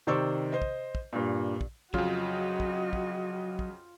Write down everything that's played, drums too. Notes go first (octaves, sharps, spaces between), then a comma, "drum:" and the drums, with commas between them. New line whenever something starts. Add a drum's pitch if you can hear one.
C3 D#3 C5 D5 C#6 E6
C5 D#5
drum: kick
drum: kick
G2 A#2
drum: kick
F2 C#3 F#3 F4 F#4 D#5, drum: kick
drum: kick
drum: kick
drum: kick